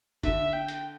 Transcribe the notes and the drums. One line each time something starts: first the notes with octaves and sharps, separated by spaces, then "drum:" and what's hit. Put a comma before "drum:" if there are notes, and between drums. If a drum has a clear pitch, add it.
D3 E5, drum: kick, hi-hat
G5
drum: hi-hat